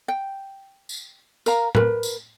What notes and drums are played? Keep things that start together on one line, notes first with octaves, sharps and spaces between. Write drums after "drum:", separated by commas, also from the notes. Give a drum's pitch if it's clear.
G5
drum: tambourine
A#4 F5 A#5, drum: tambourine
A#4 B4, drum: tom A2
drum: tambourine